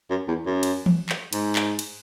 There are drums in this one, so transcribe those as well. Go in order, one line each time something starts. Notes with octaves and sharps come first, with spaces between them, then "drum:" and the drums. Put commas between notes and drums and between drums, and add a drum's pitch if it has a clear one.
F#2
E2
F#2
drum: cymbal
drum: tom E3
drum: clap
G#2, drum: cymbal
drum: clap
drum: cymbal